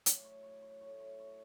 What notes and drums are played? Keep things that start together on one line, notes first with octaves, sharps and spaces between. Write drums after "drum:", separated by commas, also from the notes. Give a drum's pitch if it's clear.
A2 F#3 A3 D5, drum: hi-hat
C#5
C#5
C#5
A2 F#3 A3 C#5
C#5
C#5